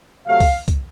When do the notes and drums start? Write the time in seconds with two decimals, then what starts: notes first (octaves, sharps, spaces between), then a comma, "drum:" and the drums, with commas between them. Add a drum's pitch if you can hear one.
0.26 C3 F#3 A3 F5
0.40 drum: kick, open hi-hat
0.68 drum: kick, hi-hat